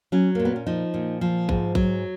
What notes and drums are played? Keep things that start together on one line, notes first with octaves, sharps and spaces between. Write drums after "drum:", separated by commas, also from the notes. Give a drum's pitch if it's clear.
F#3 C#4
A#2 A#3
B3
C#4
F3 D#4
A#2
F3
G#2, drum: kick A#1
F#3, drum: kick A#1